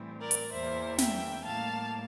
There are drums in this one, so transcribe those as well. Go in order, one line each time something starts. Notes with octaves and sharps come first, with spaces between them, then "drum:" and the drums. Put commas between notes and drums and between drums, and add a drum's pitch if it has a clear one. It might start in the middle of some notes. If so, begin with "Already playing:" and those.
Already playing: A2 E3 G3 C4
A#4 D5
drum: hi-hat
E2 E3 A#3 C5 E5
E5 G5, drum: snare
A2 G3 A#3 F5 A5